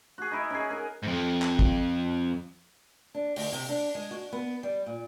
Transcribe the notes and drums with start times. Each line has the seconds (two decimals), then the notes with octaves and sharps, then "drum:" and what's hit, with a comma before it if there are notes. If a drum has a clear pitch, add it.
0.18 F#4 G#4
0.32 D#4 E4
0.50 C#4 D#4 G#4
0.70 G#4 A#4
1.03 F2 G#2
1.42 drum: clap
1.59 drum: kick
3.14 D4
3.36 D2, drum: open hi-hat
3.52 C3
3.69 D4
3.95 G#3
4.11 F#4
4.33 B3
4.63 G3
4.86 A#2